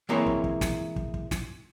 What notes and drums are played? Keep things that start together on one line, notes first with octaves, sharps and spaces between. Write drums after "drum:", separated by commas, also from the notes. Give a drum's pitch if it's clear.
E3 G#3 A#3 C4 E4 C#5
drum: kick
drum: kick
drum: snare
drum: kick
drum: kick
drum: snare